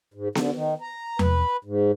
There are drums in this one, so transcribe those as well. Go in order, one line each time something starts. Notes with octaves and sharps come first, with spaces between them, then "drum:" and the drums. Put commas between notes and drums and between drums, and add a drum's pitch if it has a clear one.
G#2
D3, drum: snare B3
D#3
A#5
B4, drum: tom E2
G#2